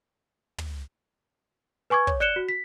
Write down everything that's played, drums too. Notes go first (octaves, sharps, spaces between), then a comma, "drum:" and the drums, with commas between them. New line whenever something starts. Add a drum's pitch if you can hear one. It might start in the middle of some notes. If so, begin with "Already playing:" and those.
drum: tom
B4 G#5 C#6 D6 G#6
C#5, drum: kick
D5 F#6 C#7 E7 G7
F#4
B6